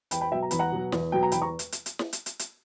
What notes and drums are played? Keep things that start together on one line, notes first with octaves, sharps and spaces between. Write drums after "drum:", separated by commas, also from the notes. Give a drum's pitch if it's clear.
E2 G5 B5, drum: hi-hat
G5 B5
B2 F#3 E5 G5
A#5
E2 B5, drum: hi-hat
F#5 A#5
B2 F#3
E2, drum: snare
B2 F#3 G5
A#5
E2 G5 B5, drum: hi-hat
A#5 C#6
drum: hi-hat
drum: hi-hat
drum: hi-hat
drum: snare
drum: hi-hat
drum: hi-hat
drum: hi-hat